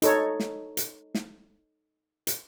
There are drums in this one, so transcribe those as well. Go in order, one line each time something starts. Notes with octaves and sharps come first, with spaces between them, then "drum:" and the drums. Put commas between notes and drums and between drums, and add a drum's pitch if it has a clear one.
D#4 A4 C#5, drum: hi-hat
drum: snare
drum: hi-hat
drum: snare
drum: hi-hat